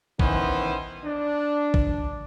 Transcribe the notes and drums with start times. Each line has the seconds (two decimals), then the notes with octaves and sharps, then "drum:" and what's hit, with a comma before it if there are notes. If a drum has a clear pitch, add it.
0.19 D#3 E3 B3 C#4 C5, drum: kick
1.05 D4
1.74 drum: kick